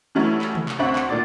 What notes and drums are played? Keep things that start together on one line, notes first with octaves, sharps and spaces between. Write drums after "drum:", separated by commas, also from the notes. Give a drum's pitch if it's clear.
E3 F#3 G3 A3 C#4 E4
drum: clap
drum: tom
drum: clap
D2 D3 C4 E5 F#5 C#6
drum: clap
A#2 D#3 D4 D6 A6, drum: tom